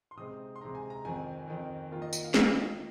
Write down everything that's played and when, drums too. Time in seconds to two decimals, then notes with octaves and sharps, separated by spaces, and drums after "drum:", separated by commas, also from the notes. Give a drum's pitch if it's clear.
0.11 C6
0.17 C3 G#3 C4 D#4 D#6
0.56 C6
0.61 C3 G#3 C4 D#4 A#5
0.75 G#5
0.90 A#5
1.05 F2 D#3 C4 G#5
1.47 F2 D#3 C4
1.92 D#3 A#3 F4
2.02 D#5
2.13 D#5, drum: tambourine
2.24 F5
2.34 D#3 A#3 F4 F5, drum: snare